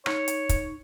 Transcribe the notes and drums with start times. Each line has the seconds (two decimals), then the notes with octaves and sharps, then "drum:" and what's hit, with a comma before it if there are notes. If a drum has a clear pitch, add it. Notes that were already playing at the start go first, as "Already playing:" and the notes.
0.06 D#4 C#5, drum: rim click
0.28 drum: hi-hat
0.49 drum: kick, hi-hat